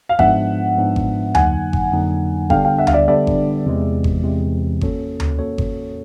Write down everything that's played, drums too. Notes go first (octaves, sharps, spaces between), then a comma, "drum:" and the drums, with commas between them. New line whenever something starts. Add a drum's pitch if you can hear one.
F5
G#2 F3 G#3 B3 D4 E5 F#5, drum: kick G1
G#2 F3 G#3 B3 D4
drum: kick G1
F2 D3 F#3 A#3 D#4 F#5 G#5, drum: tom D2
drum: kick G1
F2 D3 F#3 A#3 D#4
D3 G3 B3 D4 F5 G5, drum: kick G1
F5 G5
E5 F#5
F5, drum: tom D2
D5 E5
D3 G3 B3 D4 D5 E5
drum: kick G1
E2 C3 E3 G#3
drum: kick G1
E2 C3 E3 G#3
A#3 C#4 F#4 A4 C#5, drum: kick G1
drum: tom D2
A#3 C#4 F#4 A4 C#5
drum: kick G1